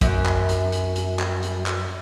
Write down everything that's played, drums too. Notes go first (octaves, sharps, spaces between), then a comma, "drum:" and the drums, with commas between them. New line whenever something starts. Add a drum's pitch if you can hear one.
F#2, drum: kick, hi-hat
drum: clap
drum: hi-hat
drum: hi-hat
drum: hi-hat
drum: clap
drum: hi-hat
drum: clap